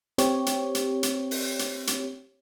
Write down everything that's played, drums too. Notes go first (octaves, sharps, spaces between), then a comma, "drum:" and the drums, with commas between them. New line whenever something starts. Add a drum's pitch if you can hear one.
C4 G4 C#5, drum: hi-hat
drum: hi-hat
drum: hi-hat
drum: hi-hat
drum: open hi-hat
drum: hi-hat
drum: hi-hat